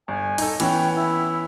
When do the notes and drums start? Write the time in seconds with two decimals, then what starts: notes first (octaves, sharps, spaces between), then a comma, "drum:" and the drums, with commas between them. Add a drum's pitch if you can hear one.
0.08 G1 G#5
0.38 D#4 A4, drum: open hi-hat
0.60 E3 B3 C#4 G5, drum: cymbal
0.95 E4